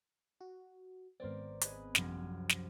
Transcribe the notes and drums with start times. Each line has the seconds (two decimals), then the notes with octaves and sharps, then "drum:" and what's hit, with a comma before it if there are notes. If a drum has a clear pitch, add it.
0.41 F#4
1.20 G#1 B3 C4 A#4 C5 D5
1.61 G#4 B4 D#5, drum: hi-hat
1.95 C2 F#2 F3, drum: snare
2.49 drum: snare